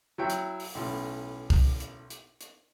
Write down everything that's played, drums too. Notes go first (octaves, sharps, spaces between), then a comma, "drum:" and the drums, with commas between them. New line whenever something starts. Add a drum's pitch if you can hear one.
F#3 E4 C#5 G5
drum: hi-hat
drum: open hi-hat
B1 A2 C#4
drum: kick C2, open hi-hat
drum: hi-hat
drum: hi-hat
drum: hi-hat